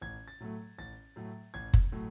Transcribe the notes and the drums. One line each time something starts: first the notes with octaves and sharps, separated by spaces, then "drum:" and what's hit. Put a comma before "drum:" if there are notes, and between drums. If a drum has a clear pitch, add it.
A1 G#6
A6
A2 F#3 A3
A1 A6
A2 F#3 A3
A1 G#6
drum: kick F#1
A2 F#3 A3